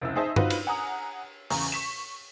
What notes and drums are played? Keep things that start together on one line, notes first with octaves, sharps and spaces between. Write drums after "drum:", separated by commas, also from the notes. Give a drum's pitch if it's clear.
F1 C#2 E4 E6
D#4 G#4 C5 D#5 E5 A5
C4 D#4 F4 F#4 B4, drum: tom G2
drum: cymbal
F#5 G#5 A#5 D#6
E2 C#3 A#5 C#6, drum: open hi-hat
C#6 B6 E7